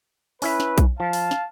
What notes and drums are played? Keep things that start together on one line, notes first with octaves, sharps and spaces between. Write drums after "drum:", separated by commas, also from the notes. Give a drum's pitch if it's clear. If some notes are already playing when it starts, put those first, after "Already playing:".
C#4 E4 B4 E5, drum: open hi-hat
drum: snare
drum: kick B1, hi-hat
F3 F5 A5
drum: open hi-hat
drum: snare